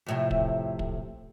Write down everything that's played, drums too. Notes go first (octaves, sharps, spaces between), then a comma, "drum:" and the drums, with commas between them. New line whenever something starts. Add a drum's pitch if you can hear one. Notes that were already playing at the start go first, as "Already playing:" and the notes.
F2 A2 C3
drum: kick
drum: kick